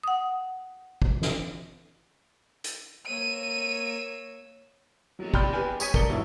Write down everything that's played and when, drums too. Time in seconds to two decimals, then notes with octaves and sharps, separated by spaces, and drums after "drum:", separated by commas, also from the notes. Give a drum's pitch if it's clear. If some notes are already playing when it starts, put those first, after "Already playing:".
0.03 F#5 D#6
1.02 drum: kick
1.22 drum: snare
2.64 drum: hi-hat
3.07 A#3 C#5 E6 D#7
5.19 F#3, drum: cymbal
5.34 D5 G5 B5 C6 F6 G6, drum: kick
5.53 G4 B4 G#5
5.80 C#5 G#5 D#6 G#6 B6 D#7, drum: tambourine
5.94 G2 A#4 D5 A#5 C#7 G7, drum: kick
6.10 E2 G#2 B2 E3 E4 C#5